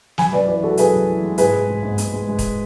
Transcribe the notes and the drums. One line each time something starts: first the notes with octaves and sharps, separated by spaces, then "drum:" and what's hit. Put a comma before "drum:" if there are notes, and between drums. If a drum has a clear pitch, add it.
F#2 G#5 B5, drum: snare
F#2 B4 D5
E3 B4 D5
G#3 F#4 A4
F#2 G#4 B4, drum: hi-hat
F#2
E3
G#3
G#2 G#4 B4, drum: hi-hat
G#3
G#3
G#2
G#2, drum: hi-hat
G#3
G#3
drum: kick, hi-hat